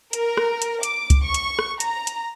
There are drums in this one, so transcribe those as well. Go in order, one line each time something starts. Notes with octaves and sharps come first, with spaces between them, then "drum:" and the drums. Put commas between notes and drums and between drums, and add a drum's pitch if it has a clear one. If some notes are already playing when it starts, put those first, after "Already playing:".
A#4, drum: hi-hat
drum: rim click
drum: hi-hat
D6, drum: hi-hat
drum: kick C2, hi-hat
C#6
drum: hi-hat
drum: rim click
A#5, drum: hi-hat
drum: hi-hat